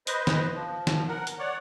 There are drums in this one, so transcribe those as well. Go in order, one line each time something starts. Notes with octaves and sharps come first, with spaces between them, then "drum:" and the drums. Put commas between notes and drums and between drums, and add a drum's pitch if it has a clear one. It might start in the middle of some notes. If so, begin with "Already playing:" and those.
B4 C5 D#5, drum: hi-hat
drum: snare
F3
drum: snare
A#4 F#5
drum: hi-hat
C#5 D5 F#5